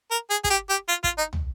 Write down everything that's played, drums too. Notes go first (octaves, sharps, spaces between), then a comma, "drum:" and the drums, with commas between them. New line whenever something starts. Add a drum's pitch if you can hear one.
A#4
G#4
G#4, drum: kick
G4
G4
F4
F4, drum: kick
D#4
drum: tom